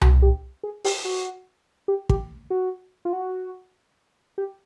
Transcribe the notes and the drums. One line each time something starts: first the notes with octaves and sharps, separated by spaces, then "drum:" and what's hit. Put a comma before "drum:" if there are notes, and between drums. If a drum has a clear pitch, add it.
F#4, drum: tom C2
G4
G#4
G4, drum: open hi-hat
F#4
G4
G4, drum: kick
F#4
F4
F#4
G4